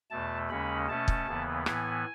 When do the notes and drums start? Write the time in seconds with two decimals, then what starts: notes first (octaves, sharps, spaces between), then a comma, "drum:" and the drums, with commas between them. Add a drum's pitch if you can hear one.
0.10 E2 B2 A3 A5
0.49 D#2 C#3 G#3 C#4 B5
0.88 B2 A3 C#4 A5
1.08 drum: kick
1.27 D#2 C#3 E3 B3
1.66 A2 E3 B3 G#5, drum: rim click